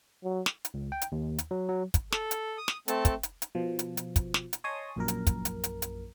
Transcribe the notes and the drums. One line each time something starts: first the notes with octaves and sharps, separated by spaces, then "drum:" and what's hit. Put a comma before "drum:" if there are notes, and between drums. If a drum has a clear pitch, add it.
F#3
drum: snare
drum: hi-hat
C#2
G5
drum: hi-hat
D#2
drum: hi-hat
F#3
F#3
drum: kick, hi-hat
A4, drum: snare
drum: hi-hat
D#6
drum: snare
A3 C4 A4 A5, drum: hi-hat
drum: kick, hi-hat
drum: hi-hat
drum: hi-hat
B2 F3
drum: hi-hat
drum: hi-hat
drum: kick, hi-hat
drum: snare
drum: hi-hat
C#5 D#5 G#5 A5 C6 D#6
A#1 F#2 A#2 A#4
drum: hi-hat
drum: kick, hi-hat
drum: hi-hat
drum: hi-hat
drum: hi-hat